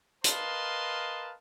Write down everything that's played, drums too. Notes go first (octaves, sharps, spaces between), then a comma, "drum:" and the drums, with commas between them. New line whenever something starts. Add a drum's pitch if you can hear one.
A#4 B4 D#5 F5 A5 C6, drum: hi-hat